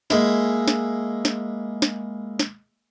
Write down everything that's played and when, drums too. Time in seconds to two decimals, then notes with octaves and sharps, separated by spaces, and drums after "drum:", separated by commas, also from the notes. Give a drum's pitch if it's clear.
0.10 G#3 A#3 E4, drum: snare
0.68 drum: snare
1.25 drum: snare
1.82 drum: snare
2.39 drum: snare